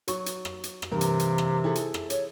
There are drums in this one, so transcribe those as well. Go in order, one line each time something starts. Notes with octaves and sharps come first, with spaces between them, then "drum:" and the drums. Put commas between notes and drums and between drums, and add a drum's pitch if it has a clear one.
F#3 C#6, drum: hi-hat
drum: hi-hat
drum: rim click
drum: hi-hat
drum: rim click
G2 C3 E3 A#4
drum: hi-hat
drum: hi-hat
drum: rim click
E4 G#4 A4
drum: hi-hat
drum: rim click
C#5, drum: hi-hat